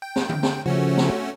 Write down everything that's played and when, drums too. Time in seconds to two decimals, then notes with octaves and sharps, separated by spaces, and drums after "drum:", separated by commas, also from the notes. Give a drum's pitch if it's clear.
0.02 G5
0.16 drum: snare
0.29 drum: tom D3
0.43 drum: snare
0.66 C#3 F3 A3 C#4 F#4
0.97 drum: snare